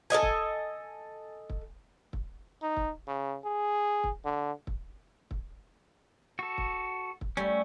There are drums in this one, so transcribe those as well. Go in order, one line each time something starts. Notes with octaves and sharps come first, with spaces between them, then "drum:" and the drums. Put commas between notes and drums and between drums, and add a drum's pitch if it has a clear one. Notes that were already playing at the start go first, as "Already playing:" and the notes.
A4 A#4 D#5 G#5
drum: kick
drum: kick
drum: kick
D#4
drum: kick
C#3
G#4
drum: kick
D3
drum: kick
drum: kick
F#4 A4
drum: kick
drum: kick
G3 A3 C#4